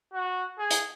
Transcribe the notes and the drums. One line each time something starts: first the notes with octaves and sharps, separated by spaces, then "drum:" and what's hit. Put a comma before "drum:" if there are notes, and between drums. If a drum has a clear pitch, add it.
F#4
G#4
drum: hi-hat